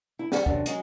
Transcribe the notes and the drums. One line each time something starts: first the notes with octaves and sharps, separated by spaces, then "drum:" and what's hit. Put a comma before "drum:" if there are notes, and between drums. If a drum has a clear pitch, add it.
E4
G3 F#5, drum: snare
F#2 C3 D4, drum: kick
F#3 G#3 C#4, drum: hi-hat